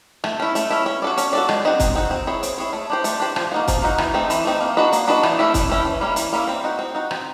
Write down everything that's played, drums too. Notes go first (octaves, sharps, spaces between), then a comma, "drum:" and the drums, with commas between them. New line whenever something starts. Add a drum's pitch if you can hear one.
A3, drum: rim click
C#4 E4
A3, drum: hi-hat
C#4 E4
C#4
F#4 A4 D5
C#4, drum: hi-hat
F#4 A4 D5
G#3, drum: rim click
C4 D#4 F#4
G#3, drum: kick, hi-hat
C4 D#4 F#4
C4
E4 G#4 C#5
C4, drum: hi-hat
E4 G#4 C#5
A3
D4 G4 C5
A3, drum: hi-hat
D4 G4 C5
F3, drum: rim click
A#3 D#4 F#4
F3, drum: kick, hi-hat
A#3 D#4 F#4
E3, drum: rim click
A3 C4 D#4
E3, drum: hi-hat
A3 C4 D#4
A#3
D4 F#4 B4 D#5
A#3, drum: hi-hat
D4 F#4 B4 D#5
E3, drum: rim click
A3 C#4 E4
E3, drum: kick, hi-hat
A3 C#4 E4
E3
G3 A#3 C#4 E4
E3, drum: hi-hat
G3 A#3 C#4 E4
C4
D#4 F#4
C4
D#4 F#4
C4, drum: rim click